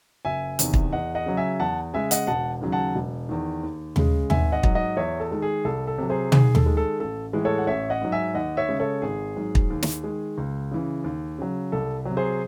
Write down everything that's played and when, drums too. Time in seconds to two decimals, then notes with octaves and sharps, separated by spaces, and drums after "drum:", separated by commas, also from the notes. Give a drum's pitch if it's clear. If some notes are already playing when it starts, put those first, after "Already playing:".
0.25 F#1 E5 G#5
0.59 E2 C3 D#3, drum: hi-hat
0.74 drum: kick
0.92 E2 D#5 F#5
1.15 D#5 F#5
1.26 C#3 F#3
1.37 E5 G#5
1.60 E2 F#5 A5
1.94 C#3 G#3 E5 G#5
2.11 D#5 F#5, drum: hi-hat
2.27 E1 F#5 A5
2.61 D#2 C#3 F#3
2.72 F#5 A5
2.95 E1
3.29 E2 D#3
3.63 D#2
3.96 C#3 G#3, drum: tom D#2
4.30 G#1 E5 G#5, drum: tom D#2
4.52 D#5 F#5
4.63 G#2 F#3, drum: kick
4.75 D#5 F#5
4.97 E2 C#5 E5
5.20 A4
5.31 D#3 G#3
5.42 G#4
5.65 C2 A4
5.87 A4
5.98 C3 F#3
6.10 G#4 C5
6.32 D#2 G#4, drum: tom
6.55 A4, drum: tom D#2
6.66 D#3 G#3
6.77 A4
7.00 A1 A4
7.33 A2 E3 G#3
7.45 A4 C#5
7.58 F#5
7.67 A1 C#5 E5
7.90 D#5 F#5
8.01 G#2 F#3
8.12 E5 G#5
8.35 D#2 D#5 F#5
8.57 C#5 E5
8.69 C#3 G#3
8.80 A4 C#5
9.02 G#1 G#4
9.36 G#2 F#3
9.55 drum: kick
9.70 D#2
9.83 drum: snare
10.04 D#3 G#3
10.38 C#2
10.71 C#3 E3
11.04 D#2
11.38 C#3 F#3
11.72 C2 A4
12.05 F#3
12.11 C3
12.17 G#4 C5